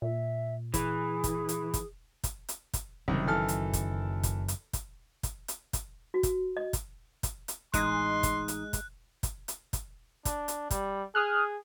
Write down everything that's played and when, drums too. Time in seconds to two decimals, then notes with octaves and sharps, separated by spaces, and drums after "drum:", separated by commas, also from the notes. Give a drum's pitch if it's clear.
0.02 A#2 E5
0.74 E3 G#4, drum: kick, hi-hat
1.24 drum: kick, hi-hat
1.49 drum: hi-hat
1.74 drum: kick, hi-hat
2.24 drum: kick, hi-hat
2.49 drum: hi-hat
2.73 drum: kick, hi-hat
3.08 F#1 C2 F#2 D#3
3.27 E3 A4 F6
3.48 drum: hi-hat
3.73 drum: kick, hi-hat
4.23 drum: kick, hi-hat
4.48 drum: hi-hat
4.73 drum: kick, hi-hat
5.23 drum: kick, hi-hat
5.48 drum: hi-hat
5.73 drum: kick, hi-hat
6.14 F#4
6.23 drum: kick, hi-hat
6.57 D#5
6.73 drum: kick, hi-hat
7.23 drum: kick, hi-hat
7.48 drum: hi-hat
7.74 A1 G#3 D#4 C6 D#6 F#6, drum: kick, hi-hat
8.23 drum: kick, hi-hat
8.48 drum: hi-hat
8.73 drum: kick, hi-hat
9.23 drum: kick, hi-hat
9.48 drum: hi-hat
9.73 drum: kick, hi-hat
10.25 D4, drum: kick, hi-hat
10.48 drum: hi-hat
10.71 G3, drum: kick, hi-hat
11.15 G#4 D#6 F6 F#6